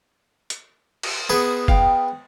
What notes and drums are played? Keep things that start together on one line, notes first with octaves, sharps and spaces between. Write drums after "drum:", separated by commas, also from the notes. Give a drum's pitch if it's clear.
drum: hi-hat
drum: cymbal
B3 G#4
F5 G5, drum: kick